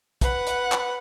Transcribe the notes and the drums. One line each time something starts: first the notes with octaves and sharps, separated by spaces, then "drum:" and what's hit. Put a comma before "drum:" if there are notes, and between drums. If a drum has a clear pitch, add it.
B4 F#5, drum: kick, hi-hat
drum: hi-hat
drum: clap